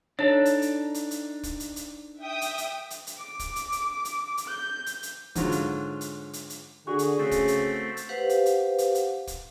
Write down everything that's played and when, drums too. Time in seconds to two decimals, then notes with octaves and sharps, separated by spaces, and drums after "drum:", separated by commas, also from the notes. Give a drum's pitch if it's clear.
0.19 D4 D#4 A4 C#5
0.45 drum: hi-hat
0.62 drum: hi-hat
0.94 drum: hi-hat
1.11 drum: hi-hat
1.43 drum: kick, hi-hat
1.60 drum: hi-hat
1.76 drum: hi-hat
2.20 E5 G5 D#6
2.41 drum: hi-hat
2.58 drum: hi-hat
2.90 drum: hi-hat
3.07 drum: hi-hat
3.19 D6
3.39 drum: kick, hi-hat
3.56 drum: hi-hat
3.72 drum: hi-hat
4.05 drum: hi-hat
4.37 drum: hi-hat
4.47 G6
4.86 drum: hi-hat
5.03 drum: hi-hat
5.35 G#2 D3 F#3 F4, drum: kick, hi-hat
5.52 drum: hi-hat
6.01 drum: hi-hat
6.33 drum: hi-hat
6.50 drum: hi-hat
6.87 D3 F#4 G#4
6.99 drum: hi-hat
7.19 C#3 A3 C4
7.31 drum: kick, hi-hat
7.48 drum: hi-hat
7.97 drum: hi-hat
8.09 G4 B4 C5 F5 F#5
8.29 drum: hi-hat
8.46 drum: hi-hat
8.78 drum: hi-hat
8.95 drum: hi-hat
9.27 drum: kick, hi-hat